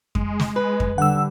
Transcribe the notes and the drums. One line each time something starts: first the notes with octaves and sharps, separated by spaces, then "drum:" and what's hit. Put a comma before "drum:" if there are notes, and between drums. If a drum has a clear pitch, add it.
G#3, drum: kick F2
drum: snare
B4
drum: kick F2
D3 G3 F#5 E6